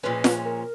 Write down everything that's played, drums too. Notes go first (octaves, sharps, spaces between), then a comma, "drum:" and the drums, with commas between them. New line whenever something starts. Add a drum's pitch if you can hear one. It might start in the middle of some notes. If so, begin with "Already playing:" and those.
A#2 F3 G#3 C#4 B4
drum: snare F4
A#4